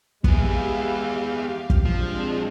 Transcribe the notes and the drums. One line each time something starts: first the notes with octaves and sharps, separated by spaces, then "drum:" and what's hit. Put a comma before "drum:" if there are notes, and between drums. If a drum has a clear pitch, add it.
G#3 B3 E4 G4 G#4 F5, drum: kick
drum: kick
A#2 F3 G#3 C4 D4